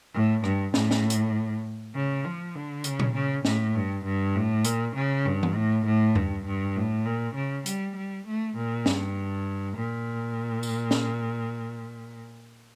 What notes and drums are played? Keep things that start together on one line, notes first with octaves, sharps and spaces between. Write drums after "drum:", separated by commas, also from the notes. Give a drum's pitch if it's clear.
A2
G2, drum: rim click
A2, drum: snare
drum: snare
drum: hi-hat
C#3
F3
D3
C#3, drum: hi-hat
drum: tom A#2
C#3
A2, drum: snare
G2
G2
A2
A#2, drum: hi-hat
C#3
G2
drum: tom E3
A2
A2
G2, drum: tom E2
G2
A2
A#2
C#3
G3, drum: hi-hat
G3
A3
A#2
G2, drum: snare
A#2
drum: tambourine
drum: snare